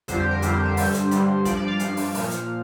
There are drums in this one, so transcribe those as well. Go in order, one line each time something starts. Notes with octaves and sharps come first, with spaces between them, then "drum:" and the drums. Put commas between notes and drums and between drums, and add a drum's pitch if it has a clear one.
F2 D3 G3 C5, drum: kick, hi-hat
G4
A#4
F2 D3 G3 C5, drum: hi-hat
G4
C5
G2 D3 G3, drum: open hi-hat
drum: hi-hat
G2 D3 G3, drum: hi-hat
G2 F3 D5, drum: kick, hi-hat
D5
F5
G2 F3, drum: hi-hat
drum: open hi-hat
A#2 F3, drum: open hi-hat
drum: hi-hat